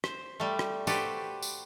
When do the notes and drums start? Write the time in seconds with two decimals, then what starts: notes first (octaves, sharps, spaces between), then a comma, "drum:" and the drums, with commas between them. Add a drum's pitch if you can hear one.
0.04 C5, drum: rim click
0.40 G3 A3
0.59 drum: rim click
0.87 F#4 G4 A4 B4 C5 D5, drum: tambourine
1.43 drum: tambourine